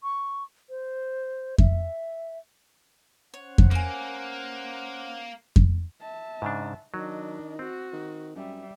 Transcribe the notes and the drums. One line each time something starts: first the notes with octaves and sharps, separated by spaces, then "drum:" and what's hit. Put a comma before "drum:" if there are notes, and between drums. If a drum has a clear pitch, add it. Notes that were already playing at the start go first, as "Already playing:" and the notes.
C#6
C5
E5, drum: kick F2
C#4 C5 C#5 F#5
drum: kick F2
A#3 G#5 C6
drum: kick F2
E5 A5
G#2 C#3 D4
D#3 F#3 D4 D#5
C4 F#4
D#3
F#2 G3 E5